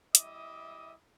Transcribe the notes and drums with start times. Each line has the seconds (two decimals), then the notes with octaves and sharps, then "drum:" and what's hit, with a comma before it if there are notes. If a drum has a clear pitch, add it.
0.15 G3 E4 D#5 E5 D6 D#6, drum: hi-hat